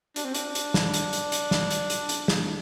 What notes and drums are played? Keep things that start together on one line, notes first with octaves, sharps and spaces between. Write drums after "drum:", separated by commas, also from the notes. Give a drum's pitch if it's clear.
D4, drum: hi-hat
C4
D4, drum: hi-hat
drum: hi-hat
drum: snare
drum: hi-hat
drum: hi-hat
drum: hi-hat
drum: snare
drum: hi-hat
drum: hi-hat
drum: hi-hat
drum: snare